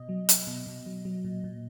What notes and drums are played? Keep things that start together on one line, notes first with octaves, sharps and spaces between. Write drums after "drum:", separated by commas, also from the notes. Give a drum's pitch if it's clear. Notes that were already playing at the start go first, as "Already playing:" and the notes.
Already playing: B2 D#5
F#3
F#3, drum: hi-hat
B2
B2
F#3
F#3
A#2
A#2